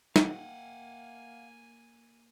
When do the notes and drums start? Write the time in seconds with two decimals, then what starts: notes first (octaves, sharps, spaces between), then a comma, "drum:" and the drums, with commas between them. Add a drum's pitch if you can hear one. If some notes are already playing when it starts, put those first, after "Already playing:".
0.16 A#3 F5 F#5 G#5, drum: snare